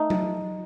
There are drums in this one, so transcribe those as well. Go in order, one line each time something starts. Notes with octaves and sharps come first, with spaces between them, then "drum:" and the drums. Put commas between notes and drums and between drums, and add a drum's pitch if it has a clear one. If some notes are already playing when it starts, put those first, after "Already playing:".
Already playing: A3 D#4
drum: tom F#3